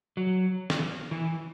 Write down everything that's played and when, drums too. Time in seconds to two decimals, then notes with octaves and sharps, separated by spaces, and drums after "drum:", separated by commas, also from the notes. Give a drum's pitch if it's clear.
0.17 F#3
0.70 drum: snare
1.11 E3